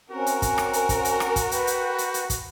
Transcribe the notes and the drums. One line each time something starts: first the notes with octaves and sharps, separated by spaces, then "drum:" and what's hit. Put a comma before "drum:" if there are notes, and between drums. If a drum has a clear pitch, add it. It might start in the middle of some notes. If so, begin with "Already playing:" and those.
C4 C#4 F#4 A#4
drum: hi-hat
drum: kick, hi-hat
drum: rim click
drum: hi-hat
drum: kick, hi-hat
drum: hi-hat
drum: rim click
drum: kick, hi-hat
B4 G5, drum: hi-hat
drum: hi-hat
drum: hi-hat
drum: hi-hat
drum: kick, hi-hat